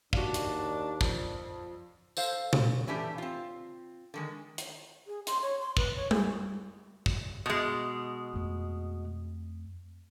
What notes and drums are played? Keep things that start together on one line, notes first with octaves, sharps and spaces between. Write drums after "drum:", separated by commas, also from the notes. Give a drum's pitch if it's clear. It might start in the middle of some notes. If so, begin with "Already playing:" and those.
D#2 D4 F#4 D5 F5, drum: kick
drum: hi-hat
F2, drum: kick
A4 C5 F5, drum: tambourine
drum: tom A#2
E3 A3 C#4 D4 G4
C4 F4
D3 D#3 G#3
drum: hi-hat
G#4
C6, drum: hi-hat
C#5
C6
B4, drum: kick
C#5
G#4, drum: tom G3
drum: kick
B2 G#3
F2 A3